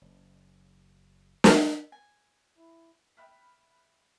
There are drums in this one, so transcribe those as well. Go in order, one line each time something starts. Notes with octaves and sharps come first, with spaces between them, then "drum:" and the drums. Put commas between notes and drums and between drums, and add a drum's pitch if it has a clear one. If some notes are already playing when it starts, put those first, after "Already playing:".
F#1
drum: snare
G#5
E4
E5 G5 B5 F6 F#6 B6